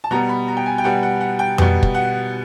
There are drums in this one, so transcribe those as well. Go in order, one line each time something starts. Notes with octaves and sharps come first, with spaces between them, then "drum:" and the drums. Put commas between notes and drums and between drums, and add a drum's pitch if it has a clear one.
A5
B2 G3 B3 A#5
B5
A#5
G5
G#5
G5
B2 G3 B3 F#5
F#5
F#5
G5
B2 G3 B3 G5, drum: tom F2
drum: kick
F#5